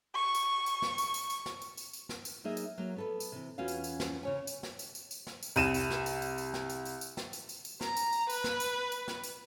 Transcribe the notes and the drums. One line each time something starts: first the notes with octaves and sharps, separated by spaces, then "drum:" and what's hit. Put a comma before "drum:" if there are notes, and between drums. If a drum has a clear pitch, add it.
C#6
drum: tambourine
drum: tambourine
drum: snare
drum: tambourine
drum: tambourine
drum: tambourine
drum: snare
drum: tambourine
drum: tambourine
drum: tambourine
drum: snare
drum: tambourine
F#3 A#3 D#4 G#4 D#5 E5
drum: tambourine
F#3 A#3
B3 A4 B4
drum: tambourine
C3 E3
E2 B3 C#4 F4 F#4 F5
drum: tambourine
drum: tambourine
drum: snare
C#3 C#5 G#5
drum: tambourine
drum: snare
drum: tambourine
drum: tambourine
drum: tambourine
drum: snare
drum: tambourine
C2 D#7 E7, drum: tambourine
drum: tambourine
drum: snare
drum: tambourine
drum: tambourine
drum: tambourine
drum: snare
drum: tambourine
drum: tambourine
drum: tambourine
drum: snare
drum: tambourine
drum: tambourine
drum: tambourine
A#5, drum: snare
drum: tambourine
drum: tambourine
B4, drum: tambourine
drum: snare
drum: tambourine
drum: tambourine
drum: snare
drum: tambourine